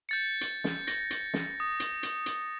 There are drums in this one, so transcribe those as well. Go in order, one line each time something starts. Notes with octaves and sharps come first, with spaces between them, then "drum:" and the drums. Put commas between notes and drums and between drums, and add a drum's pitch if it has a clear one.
G6 A6 C#7
drum: hi-hat
drum: snare
A#6, drum: hi-hat
drum: hi-hat
drum: snare
D#6
drum: hi-hat
drum: hi-hat
drum: hi-hat